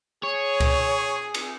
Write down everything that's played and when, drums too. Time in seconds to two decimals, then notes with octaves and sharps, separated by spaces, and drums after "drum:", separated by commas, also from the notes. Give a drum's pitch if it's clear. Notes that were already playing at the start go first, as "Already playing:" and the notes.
0.23 G#4 C#5
0.60 drum: kick C#2, cymbal
1.34 drum: cymbal